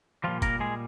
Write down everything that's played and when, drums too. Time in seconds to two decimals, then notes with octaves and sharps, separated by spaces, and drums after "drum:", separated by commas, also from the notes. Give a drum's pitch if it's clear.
0.24 A#2 F3 G3 F4
0.42 A#3 A#4, drum: kick G1, hi-hat
0.60 G#3 G#4